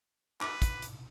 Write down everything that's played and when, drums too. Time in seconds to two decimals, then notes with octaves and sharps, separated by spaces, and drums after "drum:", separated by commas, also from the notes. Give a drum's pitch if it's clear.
0.41 B4 D6, drum: clap
0.62 drum: kick, hi-hat
0.82 drum: hi-hat